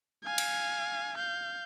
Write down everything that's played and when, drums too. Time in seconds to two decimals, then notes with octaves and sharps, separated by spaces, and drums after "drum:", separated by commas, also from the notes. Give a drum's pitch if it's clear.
0.24 F5 G#5
0.38 drum: cymbal
1.16 F5 G6